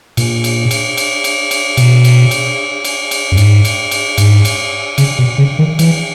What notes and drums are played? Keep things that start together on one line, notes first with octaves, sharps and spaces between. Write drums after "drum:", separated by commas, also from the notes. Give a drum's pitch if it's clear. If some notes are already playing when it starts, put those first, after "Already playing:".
A#2, drum: cymbal
drum: cymbal
drum: cymbal
drum: cymbal
drum: cymbal
drum: cymbal
B2, drum: cymbal
drum: cymbal
drum: cymbal
drum: cymbal
drum: cymbal
F#2
G#2, drum: cymbal
drum: cymbal
drum: cymbal
G#2, drum: cymbal
drum: cymbal
C#3, drum: cymbal
B2
C#3
D#3
E3, drum: cymbal